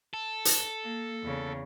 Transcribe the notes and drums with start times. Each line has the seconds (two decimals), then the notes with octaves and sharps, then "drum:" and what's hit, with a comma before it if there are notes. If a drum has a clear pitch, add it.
0.14 A4
0.45 drum: hi-hat
0.83 A#3
1.24 E2 C#3